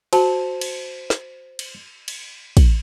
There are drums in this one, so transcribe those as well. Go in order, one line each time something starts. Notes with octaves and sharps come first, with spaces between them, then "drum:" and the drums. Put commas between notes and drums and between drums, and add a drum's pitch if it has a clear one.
F#4 C5 A5, drum: cymbal
drum: cymbal
drum: snare
drum: cymbal
drum: cymbal
drum: kick, cymbal